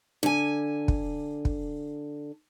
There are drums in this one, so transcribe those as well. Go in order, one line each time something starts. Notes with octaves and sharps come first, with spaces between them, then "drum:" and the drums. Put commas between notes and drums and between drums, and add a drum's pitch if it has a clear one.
D3 G#5
drum: kick
drum: kick